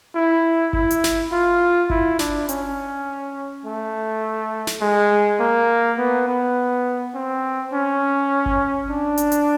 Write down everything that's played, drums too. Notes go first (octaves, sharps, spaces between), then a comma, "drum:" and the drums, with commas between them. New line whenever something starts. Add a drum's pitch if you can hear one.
E4
E4, drum: kick G1
drum: hi-hat
drum: snare
F4
E4, drum: kick G1
D4, drum: snare
C#4, drum: hi-hat
A3
drum: snare
G#3
A#3
B3
B3
C4
C#4
drum: kick G1
D4
drum: hi-hat
drum: hi-hat